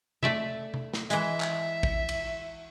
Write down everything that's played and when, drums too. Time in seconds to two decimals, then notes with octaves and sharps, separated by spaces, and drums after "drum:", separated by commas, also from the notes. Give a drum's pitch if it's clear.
0.23 A3 D5 E5, drum: tom C3
0.74 drum: tom C3
0.94 drum: snare
1.10 E3 G#3 E5, drum: hi-hat
1.40 drum: clap
1.83 drum: kick A1
2.09 drum: cymbal